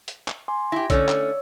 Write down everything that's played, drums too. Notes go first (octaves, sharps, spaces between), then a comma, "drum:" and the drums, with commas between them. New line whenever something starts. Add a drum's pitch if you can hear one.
drum: hi-hat
drum: clap
G#5 C6 D6
E4 G4 A#6
D3 A3 C#4 C#5 D5 E6, drum: kick, hi-hat
drum: clap